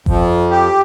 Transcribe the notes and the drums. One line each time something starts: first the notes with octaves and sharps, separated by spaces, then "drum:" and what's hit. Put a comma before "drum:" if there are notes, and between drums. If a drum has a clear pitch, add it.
F2 F3, drum: kick G1
G4